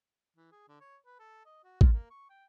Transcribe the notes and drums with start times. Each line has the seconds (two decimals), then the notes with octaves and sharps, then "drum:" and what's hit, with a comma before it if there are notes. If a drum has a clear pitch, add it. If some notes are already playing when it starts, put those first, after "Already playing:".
0.36 E3
0.52 G#4
0.68 D3
0.81 C#5
1.06 B4
1.19 A4
1.46 D#5
1.64 F#4
1.81 F4, drum: kick
1.93 A#3
2.11 C#6
2.30 G5